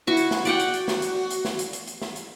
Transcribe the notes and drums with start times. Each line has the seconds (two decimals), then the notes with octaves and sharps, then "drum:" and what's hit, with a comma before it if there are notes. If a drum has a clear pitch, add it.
0.07 E4 F#4 C#6
0.17 drum: hi-hat
0.31 drum: snare
0.45 F#4 D5 F#5 G5, drum: hi-hat
0.59 drum: hi-hat
0.74 drum: hi-hat
0.88 drum: snare
1.02 drum: hi-hat
1.30 drum: hi-hat
1.45 drum: snare
1.59 drum: hi-hat
1.73 drum: hi-hat
1.87 drum: hi-hat
2.02 drum: snare
2.16 drum: hi-hat